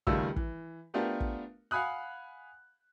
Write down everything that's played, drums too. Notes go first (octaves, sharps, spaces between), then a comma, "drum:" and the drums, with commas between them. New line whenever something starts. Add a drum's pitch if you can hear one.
C#2 D#3 G3 A3 F4 E6, drum: kick
E3, drum: kick
A3 B3 D4 F4 G4 A#4
drum: kick
F5 F#5 G#5 B5 D#6 F#6